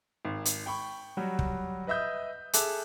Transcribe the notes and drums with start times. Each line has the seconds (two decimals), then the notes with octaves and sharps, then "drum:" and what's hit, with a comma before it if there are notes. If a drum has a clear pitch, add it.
0.25 G#1
0.45 drum: hi-hat
0.66 G5 B5 C#6
1.17 F#3 G3 F#4
1.39 drum: kick
1.87 B4 D#5 E5 D#6 G6
2.53 G#4 A4 E5 A5 D6 F#6, drum: hi-hat